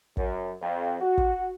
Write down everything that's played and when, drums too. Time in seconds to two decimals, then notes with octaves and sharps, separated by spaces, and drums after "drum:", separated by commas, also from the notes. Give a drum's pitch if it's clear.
0.17 F#2, drum: kick
0.62 F2
1.01 F#4
1.18 drum: kick